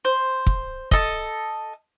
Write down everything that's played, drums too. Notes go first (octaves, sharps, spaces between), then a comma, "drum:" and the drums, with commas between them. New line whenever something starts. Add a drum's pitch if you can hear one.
C5
drum: kick
A4 D#5, drum: kick